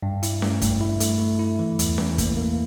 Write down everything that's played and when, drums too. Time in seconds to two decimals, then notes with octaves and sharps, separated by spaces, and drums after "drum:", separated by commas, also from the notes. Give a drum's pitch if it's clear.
0.03 G2
0.23 E4, drum: hi-hat
0.42 A3, drum: snare C#4
0.61 G2, drum: kick, hi-hat
0.81 E4
1.00 A3, drum: hi-hat
1.20 A3
1.39 E4
1.59 E3
1.79 E2, drum: hi-hat
1.98 E3, drum: snare C#4
2.18 A#3, drum: kick, hi-hat
2.37 A#3